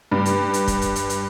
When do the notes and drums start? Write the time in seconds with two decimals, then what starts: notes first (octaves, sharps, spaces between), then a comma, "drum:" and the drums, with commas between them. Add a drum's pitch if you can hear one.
0.12 G2
0.26 drum: hi-hat
0.54 drum: hi-hat
0.68 drum: kick, hi-hat
0.82 drum: hi-hat
0.96 drum: hi-hat
1.10 drum: hi-hat